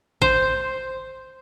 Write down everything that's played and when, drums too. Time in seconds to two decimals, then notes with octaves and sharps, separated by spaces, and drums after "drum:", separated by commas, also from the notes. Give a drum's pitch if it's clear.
0.22 C5, drum: kick A1